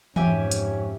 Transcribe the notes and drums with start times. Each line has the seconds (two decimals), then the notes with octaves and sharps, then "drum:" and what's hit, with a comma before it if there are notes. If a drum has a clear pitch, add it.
0.16 F2 G#2 C#4 G4 E5 G#5, drum: tom E3
0.52 drum: hi-hat